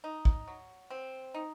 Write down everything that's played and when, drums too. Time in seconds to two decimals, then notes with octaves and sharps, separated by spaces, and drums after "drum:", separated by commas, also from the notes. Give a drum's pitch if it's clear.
0.04 D#4
0.25 drum: kick
0.47 F#3
0.90 C4
1.34 D#4